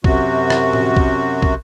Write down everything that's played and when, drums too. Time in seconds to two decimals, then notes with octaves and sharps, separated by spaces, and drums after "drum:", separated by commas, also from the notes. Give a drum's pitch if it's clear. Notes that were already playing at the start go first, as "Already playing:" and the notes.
0.04 F#2 C3 F#4, drum: kick
0.50 drum: rim click
0.73 drum: tom A2
0.96 drum: kick
1.42 drum: kick